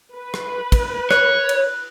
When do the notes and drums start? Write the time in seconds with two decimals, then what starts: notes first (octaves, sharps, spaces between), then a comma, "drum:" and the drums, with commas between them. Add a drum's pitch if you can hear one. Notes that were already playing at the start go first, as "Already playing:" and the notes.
0.15 B4
0.34 drum: rim click
0.72 drum: kick, cymbal
1.11 C#5 F#6, drum: rim click
1.49 drum: cymbal